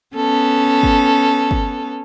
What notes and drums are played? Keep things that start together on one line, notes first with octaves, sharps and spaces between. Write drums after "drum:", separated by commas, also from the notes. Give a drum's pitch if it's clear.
B3 C#4 A4
drum: kick G1
drum: kick G1